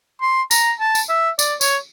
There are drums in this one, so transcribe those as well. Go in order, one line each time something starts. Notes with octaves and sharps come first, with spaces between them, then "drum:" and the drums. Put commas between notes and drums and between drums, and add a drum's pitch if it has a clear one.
C6
A#5, drum: tambourine
A5
drum: tambourine
E5
D5, drum: tambourine
C#5, drum: tambourine